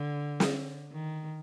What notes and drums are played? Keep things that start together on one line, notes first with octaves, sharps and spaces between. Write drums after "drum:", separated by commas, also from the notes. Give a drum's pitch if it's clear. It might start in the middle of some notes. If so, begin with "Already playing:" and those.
Already playing: D3
drum: snare
D#3